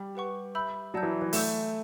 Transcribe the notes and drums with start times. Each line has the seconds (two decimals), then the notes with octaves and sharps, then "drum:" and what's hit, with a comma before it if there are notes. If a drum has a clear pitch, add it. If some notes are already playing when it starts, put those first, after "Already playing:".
Already playing: G3
0.15 G4 B4 F#5 C#6
0.55 E5 B5 E6 G6
0.94 F#3 D5 F#5 A5 E6 G6
1.03 E3
1.22 E3
1.33 A3 C#5 F#5 C#6 E6 G6, drum: open hi-hat